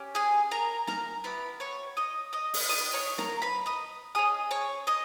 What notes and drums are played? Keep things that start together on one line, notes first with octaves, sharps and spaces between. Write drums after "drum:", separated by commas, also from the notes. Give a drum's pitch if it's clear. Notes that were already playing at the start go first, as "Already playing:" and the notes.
Already playing: C#4 G4
G#4 G#5
A#4 A#5
A#4 A#5, drum: snare
B3 E4 G4 B4 B5
C#5 C#6
D#5 D#6
D#5 D#6
drum: open hi-hat
B3 D#4 G4 D#5 D#6
C#5 C#6
A#4 A#5, drum: snare
B4 B5
D#5 D#6
C#4 G#4 D#5 D#6
C#5 C#6
D#5 D#6